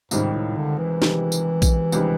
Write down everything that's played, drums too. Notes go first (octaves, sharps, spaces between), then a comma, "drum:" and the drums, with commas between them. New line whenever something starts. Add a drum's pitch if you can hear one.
C#2 G#2 C3 D#3 G3, drum: tambourine
A2
D3
E3
C#2 C3 D#3 G3, drum: snare
drum: tambourine
drum: kick A#1, tambourine
C#2 C3 D#3 G3, drum: tambourine